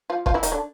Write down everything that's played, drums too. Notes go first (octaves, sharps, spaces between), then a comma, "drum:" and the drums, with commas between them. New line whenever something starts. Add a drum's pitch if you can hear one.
F3 F4
F3 F4, drum: kick
E3 E4
D#3 D#4, drum: hi-hat
D3 D4